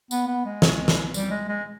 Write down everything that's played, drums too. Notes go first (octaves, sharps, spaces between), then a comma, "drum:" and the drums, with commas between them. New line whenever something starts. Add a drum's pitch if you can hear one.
B3, drum: tambourine
B3
G#3
drum: snare
drum: snare
G3, drum: tambourine
G#3
G#3